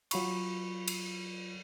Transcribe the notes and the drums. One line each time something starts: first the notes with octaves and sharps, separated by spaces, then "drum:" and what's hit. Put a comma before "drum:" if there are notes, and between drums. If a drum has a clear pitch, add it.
F#3 F4 B5 C#6, drum: cymbal
drum: cymbal